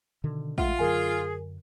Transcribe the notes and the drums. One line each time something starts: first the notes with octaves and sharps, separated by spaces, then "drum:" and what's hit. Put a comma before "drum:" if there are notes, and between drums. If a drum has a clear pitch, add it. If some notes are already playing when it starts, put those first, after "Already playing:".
B2 D3 D#3
G#3 A3 F4 E5 F#5, drum: kick
F#2 D3 F#3 G#4 A#4 G#5